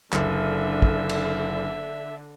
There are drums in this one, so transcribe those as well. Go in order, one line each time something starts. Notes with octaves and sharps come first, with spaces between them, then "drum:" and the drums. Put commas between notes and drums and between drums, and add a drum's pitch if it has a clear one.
F#1 D3 E5, drum: clap
drum: kick
drum: cymbal